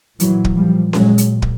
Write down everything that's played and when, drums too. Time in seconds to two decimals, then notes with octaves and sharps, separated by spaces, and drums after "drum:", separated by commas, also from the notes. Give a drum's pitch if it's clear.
0.20 A#2 E3 F#3, drum: hi-hat
0.45 drum: kick
0.56 F3 G3
0.93 A#2 F#3 G#3, drum: snare C#4
1.18 drum: hi-hat
1.42 drum: kick